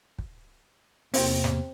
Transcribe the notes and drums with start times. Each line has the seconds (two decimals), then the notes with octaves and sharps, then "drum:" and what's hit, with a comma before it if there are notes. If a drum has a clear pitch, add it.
0.19 drum: kick
1.14 E2 C3 A#3 C4, drum: open hi-hat
1.44 drum: snare